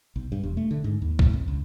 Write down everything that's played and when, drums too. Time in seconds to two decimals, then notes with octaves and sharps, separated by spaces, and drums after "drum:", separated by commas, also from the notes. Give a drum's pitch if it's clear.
0.16 B1
0.32 G2
0.43 E1
0.57 A3
0.71 D3
0.84 G#2
1.02 D#2
1.19 A2, drum: kick
1.33 F2
1.48 C#2